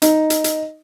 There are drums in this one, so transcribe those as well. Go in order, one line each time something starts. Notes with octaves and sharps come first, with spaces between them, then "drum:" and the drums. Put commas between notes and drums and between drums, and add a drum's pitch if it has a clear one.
D#4, drum: hi-hat
drum: hi-hat
drum: hi-hat